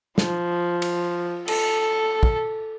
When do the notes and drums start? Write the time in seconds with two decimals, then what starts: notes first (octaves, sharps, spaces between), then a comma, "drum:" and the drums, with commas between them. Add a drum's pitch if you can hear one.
0.18 F3, drum: snare
0.82 drum: cymbal
1.48 A4, drum: cymbal
2.23 drum: kick